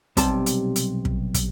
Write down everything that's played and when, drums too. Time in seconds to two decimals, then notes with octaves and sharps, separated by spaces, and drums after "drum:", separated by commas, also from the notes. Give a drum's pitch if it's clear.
0.17 B1 C3 G3 A5, drum: kick, hi-hat
0.46 drum: hi-hat
0.76 drum: hi-hat
1.05 drum: kick
1.34 drum: kick, hi-hat